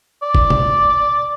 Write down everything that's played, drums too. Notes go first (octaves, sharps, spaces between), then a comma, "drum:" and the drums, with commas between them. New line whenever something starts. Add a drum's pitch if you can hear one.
D5
drum: kick F#1
drum: tom